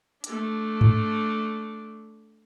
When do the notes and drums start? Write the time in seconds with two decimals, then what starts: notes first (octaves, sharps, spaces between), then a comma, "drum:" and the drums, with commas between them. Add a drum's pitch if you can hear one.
0.24 A3 D4, drum: hi-hat
0.81 drum: tom G#2